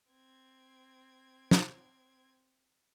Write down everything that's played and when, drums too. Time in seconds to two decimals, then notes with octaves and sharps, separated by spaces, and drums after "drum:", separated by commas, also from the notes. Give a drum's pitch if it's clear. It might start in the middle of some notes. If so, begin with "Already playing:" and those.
0.11 C4 G#6
1.51 drum: snare